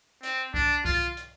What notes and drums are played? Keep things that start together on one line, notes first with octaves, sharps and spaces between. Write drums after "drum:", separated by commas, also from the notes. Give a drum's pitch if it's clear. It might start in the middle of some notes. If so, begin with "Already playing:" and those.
C4, drum: hi-hat
D4, drum: kick C2
F4, drum: kick C2
drum: hi-hat